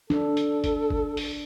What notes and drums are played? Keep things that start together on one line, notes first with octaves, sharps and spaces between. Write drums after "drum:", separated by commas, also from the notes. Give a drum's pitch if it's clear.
D4 A4, drum: snare
drum: hi-hat
drum: kick G1, hi-hat
drum: kick G1
drum: open hi-hat